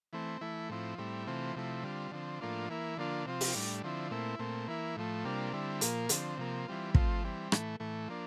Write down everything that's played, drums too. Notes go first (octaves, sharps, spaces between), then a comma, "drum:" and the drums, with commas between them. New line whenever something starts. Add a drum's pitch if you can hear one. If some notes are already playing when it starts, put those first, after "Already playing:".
E3 A3 C4
E3 A3 E4
A2 F3 C4 E4
A2 G3 C4 E4
C3 E3 A3 C4 F4
C3 F3 A3 E4
D3 G3 C4 F4
D3 F3 C4
A2 F3 A#3 D4 F4
E3 A#3 E4
D3 F3 A#3 D4 F4
C3 F3 C4 F4
drum: open hi-hat
A2 G3 D4
D3 F3 C4 E4
A#2 A3 C4 E4
A#2 A3 C4
E3 A#3 E4
A2 F3 A3
C3 G3 A#3 D4 F4
D3 G3 C4 E4
A#2 F3 A#3, drum: hi-hat
D3 F3 C4, drum: hi-hat
C3 F3 A#3
E3 G3 C4 F4
F3 A3 C4 F4, drum: kick
E3 G3 C4
A2 E3 A3, drum: rim click
A2 E3 A3
F3 A#3 D4